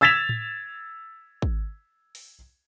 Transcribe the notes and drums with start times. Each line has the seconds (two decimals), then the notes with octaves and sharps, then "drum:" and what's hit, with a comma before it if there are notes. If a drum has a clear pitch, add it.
0.01 E6 G#6 A6 B6 E7 F7
0.29 drum: tom A2
1.42 drum: kick
2.15 drum: open hi-hat